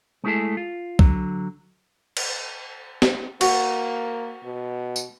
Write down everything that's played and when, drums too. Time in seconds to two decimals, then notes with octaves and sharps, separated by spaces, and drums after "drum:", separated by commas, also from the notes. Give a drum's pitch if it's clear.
0.24 G#3 A3 B3 E4 G#4 A4
0.57 F4
0.99 D3 F#3, drum: kick C2
2.17 drum: cymbal
3.02 drum: snare
3.41 A#3 F#4, drum: cymbal
4.44 B2
4.96 drum: tambourine